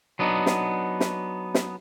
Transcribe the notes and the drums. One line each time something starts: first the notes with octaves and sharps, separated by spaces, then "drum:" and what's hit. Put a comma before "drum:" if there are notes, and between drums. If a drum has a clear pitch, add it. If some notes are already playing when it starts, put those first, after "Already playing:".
F#3 B3 D4 D#4
drum: snare
drum: snare
drum: snare